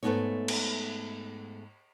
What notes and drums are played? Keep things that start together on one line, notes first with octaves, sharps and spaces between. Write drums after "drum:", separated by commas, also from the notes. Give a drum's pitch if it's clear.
G#2 A3 B3 D4 D#4 C#5
drum: cymbal